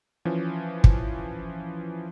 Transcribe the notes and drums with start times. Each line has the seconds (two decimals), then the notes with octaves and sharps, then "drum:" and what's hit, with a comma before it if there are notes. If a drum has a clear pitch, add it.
0.25 E3 F3 C#4
0.84 drum: kick